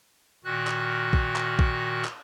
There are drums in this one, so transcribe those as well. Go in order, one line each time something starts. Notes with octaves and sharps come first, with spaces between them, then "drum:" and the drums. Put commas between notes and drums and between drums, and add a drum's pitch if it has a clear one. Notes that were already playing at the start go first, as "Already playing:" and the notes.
A#2 D#3 F#4 F#6
drum: clap
drum: kick A#1
drum: clap
drum: kick A#1
drum: clap